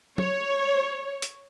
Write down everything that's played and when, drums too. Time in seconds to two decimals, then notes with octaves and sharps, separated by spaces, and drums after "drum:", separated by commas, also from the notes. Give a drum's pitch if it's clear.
0.18 C#5, drum: tom F#3
1.22 drum: hi-hat